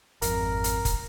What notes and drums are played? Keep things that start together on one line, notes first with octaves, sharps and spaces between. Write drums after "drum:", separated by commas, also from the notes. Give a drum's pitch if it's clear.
G#1 F2 A#4, drum: hi-hat
drum: hi-hat
drum: kick F1, hi-hat